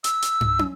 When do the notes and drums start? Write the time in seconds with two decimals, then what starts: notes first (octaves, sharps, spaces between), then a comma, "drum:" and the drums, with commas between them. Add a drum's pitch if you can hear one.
0.04 E6, drum: hi-hat
0.22 drum: hi-hat
0.41 drum: tom
0.59 drum: tom